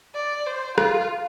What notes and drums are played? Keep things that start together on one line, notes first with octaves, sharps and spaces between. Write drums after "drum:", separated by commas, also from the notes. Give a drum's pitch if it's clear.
D5
C5
F4, drum: rim click